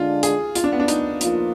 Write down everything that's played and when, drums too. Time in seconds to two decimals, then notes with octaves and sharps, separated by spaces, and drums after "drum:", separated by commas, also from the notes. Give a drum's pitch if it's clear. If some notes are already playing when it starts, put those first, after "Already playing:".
Already playing: D3 G#3 D4 F4
0.23 G#4, drum: hi-hat
0.55 F4, drum: hi-hat
0.64 D4
0.72 B3
0.80 D4
0.88 D#4, drum: hi-hat
1.21 F3 A#3 F4, drum: hi-hat